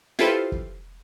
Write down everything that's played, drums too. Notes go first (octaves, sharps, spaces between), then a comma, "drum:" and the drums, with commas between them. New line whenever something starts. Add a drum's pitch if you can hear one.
E4 F4 G4 A4 B4 C5, drum: snare
drum: kick